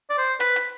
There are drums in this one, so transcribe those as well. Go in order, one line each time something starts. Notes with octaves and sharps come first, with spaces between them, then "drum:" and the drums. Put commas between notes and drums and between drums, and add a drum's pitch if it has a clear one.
D5
C5
B4, drum: hi-hat
drum: hi-hat